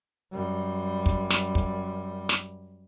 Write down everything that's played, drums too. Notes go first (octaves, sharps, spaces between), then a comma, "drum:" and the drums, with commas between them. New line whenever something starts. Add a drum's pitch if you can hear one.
F#2 G3
drum: kick
drum: snare
drum: kick
drum: snare